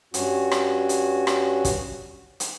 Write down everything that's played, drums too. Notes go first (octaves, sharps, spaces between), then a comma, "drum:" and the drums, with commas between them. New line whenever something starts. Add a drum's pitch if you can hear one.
G2 C#4 F#4, drum: hi-hat
drum: rim click
drum: hi-hat
drum: rim click
drum: kick, hi-hat
drum: hi-hat